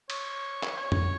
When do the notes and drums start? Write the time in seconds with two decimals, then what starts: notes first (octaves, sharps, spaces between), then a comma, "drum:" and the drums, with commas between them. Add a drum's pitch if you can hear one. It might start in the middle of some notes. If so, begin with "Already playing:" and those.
0.10 C#5, drum: cymbal
0.64 drum: clap
0.78 C#5
0.92 drum: tom